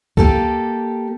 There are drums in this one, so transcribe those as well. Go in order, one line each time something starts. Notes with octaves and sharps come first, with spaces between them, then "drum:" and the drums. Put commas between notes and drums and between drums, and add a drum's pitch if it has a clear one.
A#3 G4 A4, drum: kick C#2